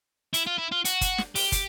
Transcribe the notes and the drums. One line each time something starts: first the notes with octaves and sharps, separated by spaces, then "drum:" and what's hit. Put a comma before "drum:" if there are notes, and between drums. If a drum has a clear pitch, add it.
E4, drum: hi-hat
F4
E4
F4
F#4, drum: hi-hat
drum: kick, hi-hat
drum: snare
G4, drum: open hi-hat
drum: kick, hi-hat